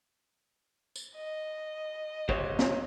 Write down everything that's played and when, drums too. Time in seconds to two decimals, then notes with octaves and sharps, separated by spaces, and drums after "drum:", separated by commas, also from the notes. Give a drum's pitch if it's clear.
0.96 drum: tambourine
1.16 D#5
2.29 G4 C5 C#5, drum: kick
2.59 drum: snare